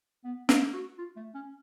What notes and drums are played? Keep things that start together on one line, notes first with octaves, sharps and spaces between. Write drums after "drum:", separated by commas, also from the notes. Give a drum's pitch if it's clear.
B3
D4, drum: snare
F#4
F4
A3
C#4